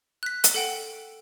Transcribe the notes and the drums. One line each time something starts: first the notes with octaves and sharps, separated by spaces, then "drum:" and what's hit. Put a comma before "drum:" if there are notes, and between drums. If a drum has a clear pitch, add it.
F#6 B6
drum: hi-hat
A4 F#5 G5